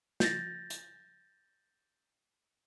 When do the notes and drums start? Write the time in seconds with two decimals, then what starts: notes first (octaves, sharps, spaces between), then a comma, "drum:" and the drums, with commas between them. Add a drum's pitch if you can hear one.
0.20 G6 A6 A#6, drum: snare
0.70 drum: hi-hat